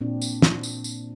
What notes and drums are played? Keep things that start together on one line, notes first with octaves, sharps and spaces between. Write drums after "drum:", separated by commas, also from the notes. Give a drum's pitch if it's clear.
A#2 C4 D4
drum: tambourine
drum: snare
drum: tambourine
drum: tambourine